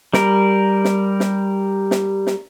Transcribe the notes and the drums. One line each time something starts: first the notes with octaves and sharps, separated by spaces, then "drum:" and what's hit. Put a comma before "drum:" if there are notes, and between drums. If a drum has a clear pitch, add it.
G3 A#4, drum: snare
drum: snare
drum: snare
drum: snare
drum: snare